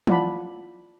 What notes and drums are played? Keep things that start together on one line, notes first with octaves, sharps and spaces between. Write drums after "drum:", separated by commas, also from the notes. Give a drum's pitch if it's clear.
E4 F4 D5 F#5 A5 B5, drum: tom